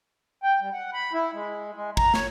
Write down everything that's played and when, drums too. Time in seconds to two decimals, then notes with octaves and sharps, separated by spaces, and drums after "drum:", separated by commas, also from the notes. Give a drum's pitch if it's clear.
0.43 G5
0.61 G3
0.73 F#5
0.93 B5
1.13 E4
1.34 G#3
1.75 G#3
1.97 A#5, drum: kick
2.14 C#5, drum: snare